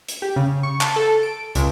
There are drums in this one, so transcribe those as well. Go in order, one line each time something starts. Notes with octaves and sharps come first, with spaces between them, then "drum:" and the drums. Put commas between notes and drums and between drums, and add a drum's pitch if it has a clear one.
drum: hi-hat
G4
C#3
C#6
A5, drum: clap
A4
D7
C#2, drum: hi-hat